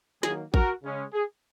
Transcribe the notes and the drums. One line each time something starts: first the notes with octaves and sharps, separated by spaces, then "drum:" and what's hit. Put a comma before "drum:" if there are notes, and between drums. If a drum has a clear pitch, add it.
D#3 F#3 A#3 G#4, drum: snare
F#4 A#4, drum: kick A1
C#3 G#3 C#4
G#4